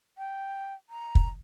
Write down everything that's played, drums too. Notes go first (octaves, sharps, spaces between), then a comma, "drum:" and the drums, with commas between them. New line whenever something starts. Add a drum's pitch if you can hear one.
G5
A#5
drum: kick